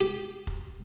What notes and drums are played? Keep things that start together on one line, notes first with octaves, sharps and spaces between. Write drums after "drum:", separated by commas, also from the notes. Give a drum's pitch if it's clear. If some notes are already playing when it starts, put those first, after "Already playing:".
G4
drum: kick F1